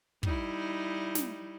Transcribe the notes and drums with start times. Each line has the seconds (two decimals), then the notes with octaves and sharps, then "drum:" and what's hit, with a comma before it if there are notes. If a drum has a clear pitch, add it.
0.23 G3 D#4 E4, drum: kick
1.15 drum: snare